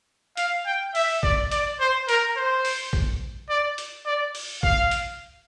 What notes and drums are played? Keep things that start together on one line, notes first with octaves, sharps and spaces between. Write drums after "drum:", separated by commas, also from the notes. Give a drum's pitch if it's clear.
F5, drum: hi-hat
G5
E5, drum: open hi-hat
D5, drum: kick A1
D5, drum: hi-hat
C5
A#4, drum: hi-hat
C5
drum: open hi-hat
drum: kick A1
D5
drum: hi-hat
D5
drum: open hi-hat
F5, drum: kick A1
drum: hi-hat